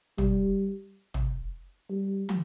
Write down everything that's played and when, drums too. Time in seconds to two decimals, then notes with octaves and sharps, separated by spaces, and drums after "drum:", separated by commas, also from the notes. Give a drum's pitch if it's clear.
0.18 G3, drum: tom
1.14 drum: tom
1.90 G3
2.29 drum: tom